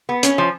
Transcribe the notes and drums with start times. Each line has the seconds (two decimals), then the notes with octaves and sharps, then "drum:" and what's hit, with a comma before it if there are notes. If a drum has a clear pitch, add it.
0.09 B3
0.23 C#4, drum: hi-hat
0.38 F3